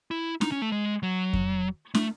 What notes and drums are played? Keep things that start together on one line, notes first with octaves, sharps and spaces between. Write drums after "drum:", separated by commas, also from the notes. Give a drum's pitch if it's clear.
E4
D#4, drum: snare
C#4
A3
G#3
F#3
drum: kick F2
A3, drum: snare